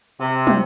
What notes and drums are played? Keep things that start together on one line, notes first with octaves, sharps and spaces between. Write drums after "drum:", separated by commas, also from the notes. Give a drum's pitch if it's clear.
C3
drum: tom